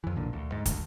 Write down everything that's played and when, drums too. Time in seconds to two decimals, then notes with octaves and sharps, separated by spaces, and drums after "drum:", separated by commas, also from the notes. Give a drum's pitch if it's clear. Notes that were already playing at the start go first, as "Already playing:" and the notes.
0.04 F2 E3
0.16 B1 A#2 D3
0.33 D2
0.52 G#2
0.66 D2, drum: kick, hi-hat